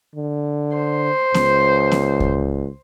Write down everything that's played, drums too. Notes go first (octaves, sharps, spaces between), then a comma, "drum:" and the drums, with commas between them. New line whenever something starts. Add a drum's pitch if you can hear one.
D3
C5
C#2, drum: snare
drum: snare
drum: kick D2